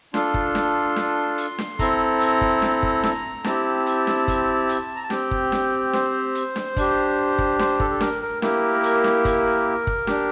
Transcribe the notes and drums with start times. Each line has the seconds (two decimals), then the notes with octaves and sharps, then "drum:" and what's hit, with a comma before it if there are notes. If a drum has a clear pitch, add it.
0.14 D4 F4 A4 C6, drum: snare D4
0.34 drum: kick
0.55 drum: snare D4
0.96 drum: snare D4
1.38 drum: hi-hat
1.58 drum: snare D4
1.79 C4 E4 A4 A#5, drum: kick, hi-hat
2.21 drum: hi-hat
2.41 drum: kick
2.62 drum: snare D4
2.83 drum: kick
3.03 drum: snare D4
3.44 C4 E4 G4 A5, drum: snare D4
3.86 drum: hi-hat
4.07 drum: snare D4
4.28 drum: kick, hi-hat
4.69 drum: hi-hat
4.96 A#5
5.03 A5
5.10 C4 G4 G5, drum: snare D4
5.31 drum: kick
5.52 drum: snare D4
5.93 C5, drum: snare D4
6.35 drum: hi-hat
6.56 drum: snare D4
6.77 D4 G4, drum: kick, hi-hat
7.39 drum: kick
7.59 C5, drum: snare D4
7.80 A4, drum: kick
7.91 A4
8.01 A#4, drum: snare D4
8.22 A#4
8.42 A#3 E4 G4 A#4, drum: snare D4
8.84 drum: hi-hat
9.04 drum: snare D4
9.25 drum: kick, hi-hat
9.87 drum: kick
10.07 D4 G4, drum: snare D4